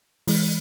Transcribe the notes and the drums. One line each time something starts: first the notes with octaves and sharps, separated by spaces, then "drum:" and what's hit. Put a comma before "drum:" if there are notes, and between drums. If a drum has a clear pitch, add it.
E3 G#3, drum: open hi-hat